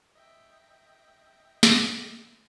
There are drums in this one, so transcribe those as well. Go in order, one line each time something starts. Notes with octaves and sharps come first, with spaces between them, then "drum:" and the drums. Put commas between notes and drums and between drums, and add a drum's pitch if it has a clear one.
D#5 E5 G5
drum: snare